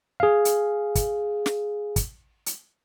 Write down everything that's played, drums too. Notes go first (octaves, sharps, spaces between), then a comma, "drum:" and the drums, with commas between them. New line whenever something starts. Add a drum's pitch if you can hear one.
G#4 F5
drum: hi-hat
drum: kick, hi-hat
drum: snare
drum: kick, hi-hat
drum: hi-hat